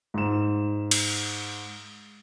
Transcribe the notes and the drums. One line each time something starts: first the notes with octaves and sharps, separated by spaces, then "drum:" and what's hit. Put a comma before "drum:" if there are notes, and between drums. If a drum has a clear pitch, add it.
G#2 E7
drum: cymbal